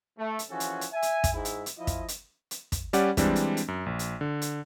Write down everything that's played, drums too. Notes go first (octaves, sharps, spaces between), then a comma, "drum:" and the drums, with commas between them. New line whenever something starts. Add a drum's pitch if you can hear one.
A3
drum: hi-hat
E3 F3 C#4 F#4 G#4 A4
drum: hi-hat
drum: hi-hat
E5 G#5
drum: hi-hat
drum: kick, hi-hat
G#2 E4
drum: hi-hat
drum: hi-hat
F3 E4 F4 D#5
drum: kick, hi-hat
drum: hi-hat
drum: hi-hat
drum: kick, hi-hat
G3 C#4 G4 D5 F#5, drum: hi-hat
E3 G3 G#3 C4 D4, drum: kick, hi-hat
drum: hi-hat
drum: hi-hat
F#2
A#1
drum: hi-hat
D3
drum: hi-hat